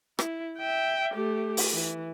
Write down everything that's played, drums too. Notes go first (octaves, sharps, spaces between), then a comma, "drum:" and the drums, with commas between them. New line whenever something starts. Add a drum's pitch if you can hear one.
E4, drum: rim click
E5 G5
A3 G4
drum: open hi-hat
E3